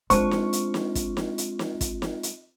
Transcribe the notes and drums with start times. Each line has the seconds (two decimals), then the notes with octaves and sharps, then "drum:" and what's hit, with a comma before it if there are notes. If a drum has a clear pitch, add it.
0.10 G#3 C4 D4 F4 C5 A5 C#6, drum: kick, hi-hat
0.31 drum: snare
0.53 drum: hi-hat
0.74 drum: snare
0.95 drum: kick, hi-hat
1.17 drum: snare
1.38 drum: hi-hat
1.59 drum: snare
1.81 drum: kick, hi-hat
2.02 drum: snare
2.23 drum: hi-hat